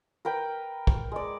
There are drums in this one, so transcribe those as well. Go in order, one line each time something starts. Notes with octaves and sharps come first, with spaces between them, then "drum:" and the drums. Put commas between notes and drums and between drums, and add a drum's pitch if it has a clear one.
A#4 B4 G5
drum: kick
G#3 D5